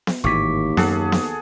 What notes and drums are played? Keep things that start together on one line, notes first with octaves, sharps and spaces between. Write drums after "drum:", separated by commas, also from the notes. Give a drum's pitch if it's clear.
drum: snare B3
G#1 D#2 A2 E3 C#6 D6 B6
F#2 G#4 A4 F#5, drum: snare B3
drum: snare B3